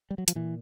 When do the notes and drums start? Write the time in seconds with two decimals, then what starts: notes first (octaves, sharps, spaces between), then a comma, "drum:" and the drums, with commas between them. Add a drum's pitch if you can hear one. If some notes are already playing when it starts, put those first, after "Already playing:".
0.10 G3
0.18 F#3
0.28 F3, drum: hi-hat
0.35 A#2 E3